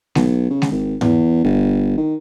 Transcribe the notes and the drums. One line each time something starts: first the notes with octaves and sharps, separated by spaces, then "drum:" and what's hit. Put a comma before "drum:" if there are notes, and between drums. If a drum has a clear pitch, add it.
B1, drum: snare G#3
C#3
drum: snare G#3
G#1
E2, drum: tom G#2
G1
D#3